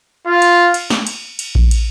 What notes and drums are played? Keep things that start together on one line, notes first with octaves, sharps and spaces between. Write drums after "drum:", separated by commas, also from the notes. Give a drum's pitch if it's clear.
F4
drum: cymbal
drum: cymbal
drum: snare
drum: cymbal
drum: cymbal
drum: kick A#1
drum: cymbal